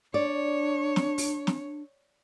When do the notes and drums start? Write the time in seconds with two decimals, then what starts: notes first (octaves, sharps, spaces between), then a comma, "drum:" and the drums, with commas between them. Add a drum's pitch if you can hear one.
0.14 D4 C#5 D5
0.96 drum: snare
1.18 drum: open hi-hat
1.47 drum: snare